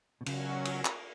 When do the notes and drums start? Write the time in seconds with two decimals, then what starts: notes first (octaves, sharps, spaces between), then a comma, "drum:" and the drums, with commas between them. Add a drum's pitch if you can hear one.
0.21 B2
0.26 C#3 F#3 C#4 F#4, drum: cymbal
0.65 drum: cymbal
0.85 drum: clap